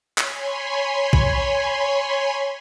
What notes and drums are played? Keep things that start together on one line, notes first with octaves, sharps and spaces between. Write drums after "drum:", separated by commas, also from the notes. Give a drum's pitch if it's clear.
C#5 G#5 B5 C6, drum: clap
drum: kick